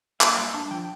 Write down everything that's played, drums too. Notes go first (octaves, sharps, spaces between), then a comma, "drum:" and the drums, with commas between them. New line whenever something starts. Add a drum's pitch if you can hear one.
A#3 E5, drum: clap
G2 F5
D4 A5
F3 G5